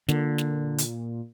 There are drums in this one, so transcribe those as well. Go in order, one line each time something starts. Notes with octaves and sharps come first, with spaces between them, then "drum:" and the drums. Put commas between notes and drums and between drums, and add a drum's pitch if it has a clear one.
A#2 D3, drum: snare
drum: snare
drum: hi-hat